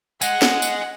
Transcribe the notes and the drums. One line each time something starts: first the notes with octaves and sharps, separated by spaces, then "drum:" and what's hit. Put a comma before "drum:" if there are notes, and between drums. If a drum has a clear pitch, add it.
D#5 F#5 G#5, drum: tambourine
drum: snare
drum: tambourine